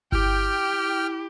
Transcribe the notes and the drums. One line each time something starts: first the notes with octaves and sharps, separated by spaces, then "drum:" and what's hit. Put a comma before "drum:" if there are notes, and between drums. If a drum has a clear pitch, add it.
E4 G4 G5 F6, drum: kick G1